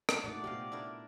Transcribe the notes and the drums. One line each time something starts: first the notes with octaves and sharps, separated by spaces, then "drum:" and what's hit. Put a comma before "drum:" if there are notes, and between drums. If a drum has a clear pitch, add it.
drum: rim click
A#2 A3 D4 D#4 F#4 D5
C3 B3 G4 D#5 F5
D4 E4 A#4